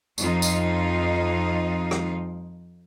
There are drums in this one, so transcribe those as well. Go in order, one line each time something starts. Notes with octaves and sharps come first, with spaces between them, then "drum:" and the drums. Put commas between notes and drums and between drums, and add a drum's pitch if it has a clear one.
F2 D#4 F4, drum: tambourine
drum: tambourine
drum: rim click